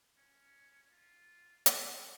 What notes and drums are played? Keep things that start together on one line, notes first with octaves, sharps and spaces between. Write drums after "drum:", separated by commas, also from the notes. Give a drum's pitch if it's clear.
C#4
F4
D#4, drum: hi-hat